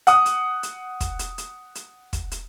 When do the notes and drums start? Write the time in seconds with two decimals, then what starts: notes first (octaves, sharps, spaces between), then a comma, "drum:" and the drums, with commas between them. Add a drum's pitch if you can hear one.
0.07 F#5 D#6, drum: hi-hat
0.26 drum: hi-hat
0.63 drum: hi-hat
1.00 drum: kick, hi-hat
1.19 drum: hi-hat
1.38 drum: hi-hat
1.75 drum: hi-hat
2.13 drum: kick, hi-hat
2.31 drum: hi-hat